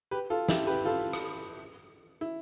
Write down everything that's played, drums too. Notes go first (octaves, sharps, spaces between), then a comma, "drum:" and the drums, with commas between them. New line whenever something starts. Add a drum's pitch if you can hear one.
G4 B4
F4 A4
E4 G4, drum: snare
G4 B4
F4 A4
drum: rim click
E4